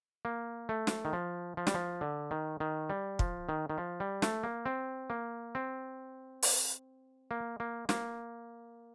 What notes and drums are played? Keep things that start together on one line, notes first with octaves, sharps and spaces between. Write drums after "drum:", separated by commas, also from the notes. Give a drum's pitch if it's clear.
A#3
A3
drum: snare
D#3
F3
F3
G3, drum: snare
F3
D3
D#3
D#3
G3
F3, drum: kick
D#3
D#3
F3
G3
A3, drum: snare
A#3
C4
A#3
C4
drum: open hi-hat
A#3
A#3
A#3, drum: snare